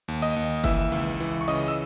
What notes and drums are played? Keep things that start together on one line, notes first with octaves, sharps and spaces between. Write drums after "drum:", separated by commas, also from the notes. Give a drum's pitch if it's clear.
D#2
D#5 D#6
D#2
E3 E5 E6, drum: kick F#1, hi-hat
C#2, drum: hi-hat
E3, drum: hi-hat
C#6
C#3 D#5 D#6, drum: hi-hat
E6